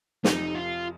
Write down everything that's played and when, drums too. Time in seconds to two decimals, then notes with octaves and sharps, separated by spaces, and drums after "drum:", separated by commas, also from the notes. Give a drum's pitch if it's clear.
0.24 F1 F2 C3 F3 D#4, drum: snare
0.55 F4